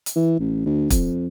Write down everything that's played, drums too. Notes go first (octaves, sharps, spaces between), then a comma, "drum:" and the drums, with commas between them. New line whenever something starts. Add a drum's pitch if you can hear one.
drum: hi-hat
E3
A1
D2
F2, drum: kick, hi-hat